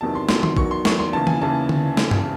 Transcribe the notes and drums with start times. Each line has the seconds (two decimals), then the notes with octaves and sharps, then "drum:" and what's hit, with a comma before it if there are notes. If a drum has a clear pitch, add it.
0.01 E2 C3 D#3 F#3 A5
0.15 C6
0.29 E2 C3 D#3 F#3 C6, drum: snare
0.43 C6, drum: tom D#3
0.57 E2 D#3 F#3 C#6, drum: kick A1
0.71 C6
0.85 E2 D#3 F#3 C#6, drum: snare
0.99 C6
1.13 D#2 C#3 E3 A5
1.27 G#5, drum: tom D#3
1.42 D#2 C#3 E3 A5
1.69 drum: tom D3
1.97 drum: snare
2.11 drum: tom G2